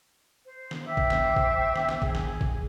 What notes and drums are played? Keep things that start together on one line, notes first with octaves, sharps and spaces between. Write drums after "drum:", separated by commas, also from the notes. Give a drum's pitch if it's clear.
C5
drum: snare
C5 E5 G5 D6
drum: kick G#1
drum: snare
drum: kick G#1
drum: snare
drum: snare
G#4, drum: kick G#1
drum: snare
drum: kick G#1